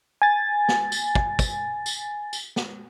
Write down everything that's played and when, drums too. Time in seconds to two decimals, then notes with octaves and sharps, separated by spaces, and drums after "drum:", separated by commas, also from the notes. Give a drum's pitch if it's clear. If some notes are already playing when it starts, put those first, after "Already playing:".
0.22 G#5 A6
0.68 drum: snare
0.92 drum: tambourine
1.15 drum: kick
1.39 drum: kick, tambourine
1.86 drum: tambourine
2.33 drum: tambourine
2.56 drum: snare